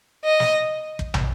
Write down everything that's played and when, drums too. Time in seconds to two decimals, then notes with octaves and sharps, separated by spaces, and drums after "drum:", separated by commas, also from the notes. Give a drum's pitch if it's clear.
0.25 D#5
0.40 drum: snare
0.99 drum: kick
1.14 drum: tom